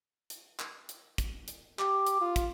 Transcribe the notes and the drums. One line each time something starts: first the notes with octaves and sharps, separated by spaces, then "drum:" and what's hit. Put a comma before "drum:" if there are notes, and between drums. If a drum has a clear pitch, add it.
drum: hi-hat
drum: clap
drum: hi-hat
drum: kick, hi-hat
drum: hi-hat
G4 D6, drum: clap
drum: hi-hat
F4
drum: kick, hi-hat